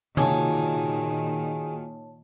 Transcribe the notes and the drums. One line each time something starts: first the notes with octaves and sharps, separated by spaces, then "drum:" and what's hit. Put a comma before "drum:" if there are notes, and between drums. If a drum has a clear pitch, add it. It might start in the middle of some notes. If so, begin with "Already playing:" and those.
A#2 D#3 F4 F#4 G#4 C#5 G#5 A5, drum: tom C3